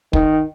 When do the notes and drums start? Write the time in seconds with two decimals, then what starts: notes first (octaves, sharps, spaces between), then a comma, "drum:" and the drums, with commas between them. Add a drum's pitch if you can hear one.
0.13 D#3, drum: kick